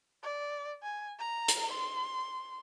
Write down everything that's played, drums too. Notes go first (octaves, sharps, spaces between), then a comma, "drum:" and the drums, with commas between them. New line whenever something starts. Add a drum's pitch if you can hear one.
D5
G#5
A#5
drum: hi-hat
C6